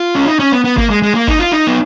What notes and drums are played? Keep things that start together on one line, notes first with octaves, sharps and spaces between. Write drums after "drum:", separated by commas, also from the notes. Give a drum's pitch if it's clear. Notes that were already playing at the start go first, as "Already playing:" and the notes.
Already playing: F4
C#4
D#4
C#4
B3
B3
A#3, drum: kick G1
G#3
G#3
A#3
D#4, drum: kick G1
F4
D#4
B3